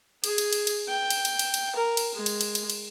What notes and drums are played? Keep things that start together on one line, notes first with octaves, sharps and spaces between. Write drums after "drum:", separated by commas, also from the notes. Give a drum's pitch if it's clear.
G#4, drum: cymbal
drum: cymbal
drum: cymbal
drum: cymbal
G5
drum: cymbal
drum: cymbal
drum: cymbal
drum: cymbal
A#4
drum: cymbal
G#3
drum: cymbal
drum: cymbal
drum: cymbal
drum: cymbal